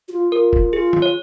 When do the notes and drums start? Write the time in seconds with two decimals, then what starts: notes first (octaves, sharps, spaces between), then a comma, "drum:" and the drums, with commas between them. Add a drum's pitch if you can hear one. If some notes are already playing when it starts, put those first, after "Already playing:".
0.08 F#4
0.12 F4
0.32 F4 A#4
0.53 drum: kick
0.73 F4 G#4
0.93 drum: tom
1.02 C#5